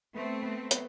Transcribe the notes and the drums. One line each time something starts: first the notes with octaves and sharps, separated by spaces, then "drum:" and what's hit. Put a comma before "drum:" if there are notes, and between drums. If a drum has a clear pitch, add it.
A3 B3 C4
B3
B3, drum: hi-hat